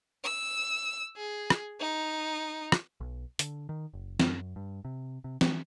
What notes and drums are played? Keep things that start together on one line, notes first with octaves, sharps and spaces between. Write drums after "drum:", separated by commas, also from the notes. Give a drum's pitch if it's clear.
E6
G#4
drum: rim click
D#4
drum: rim click
B1
D3, drum: hi-hat
D#3
F#1
F#2, drum: snare
G2
C3
C3
E3, drum: snare